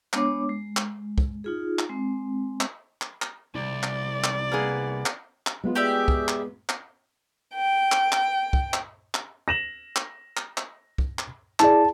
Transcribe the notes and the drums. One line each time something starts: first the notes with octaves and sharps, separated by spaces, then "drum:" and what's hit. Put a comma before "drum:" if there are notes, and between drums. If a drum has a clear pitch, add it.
G#3 B3 D4 C#5 D6, drum: clap
G#3
drum: clap
drum: kick
D#4 F4 G#4
drum: clap
G#3 C4
drum: clap
drum: clap
drum: clap
C2 D5
drum: clap
drum: clap
A#3 B3 G#4
drum: clap
drum: clap
G#3 B3 F4
G4 G#4 D5 E5
drum: kick
drum: clap
drum: clap
G5
drum: clap
drum: clap
drum: kick
drum: clap
drum: clap
A#6 E7 F#7
drum: clap
drum: clap
drum: clap
drum: kick
drum: clap
E4 G#4 D5 A5, drum: clap